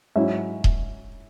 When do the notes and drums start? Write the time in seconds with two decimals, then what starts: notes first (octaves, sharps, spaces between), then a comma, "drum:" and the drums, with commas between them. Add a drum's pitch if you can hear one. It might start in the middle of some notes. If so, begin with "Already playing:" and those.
0.16 G#2 F#3 C#4 E4 C#5 E5
0.64 drum: kick D#1